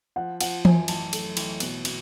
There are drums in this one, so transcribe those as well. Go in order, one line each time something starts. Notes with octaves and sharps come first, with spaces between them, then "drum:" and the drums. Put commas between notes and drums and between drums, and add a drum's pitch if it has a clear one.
F3 F#5
F3 F#5, drum: cymbal
F#2 G#5, drum: tom E3
A1 A5, drum: cymbal
A3, drum: cymbal
A1, drum: cymbal
B2, drum: cymbal
B2, drum: cymbal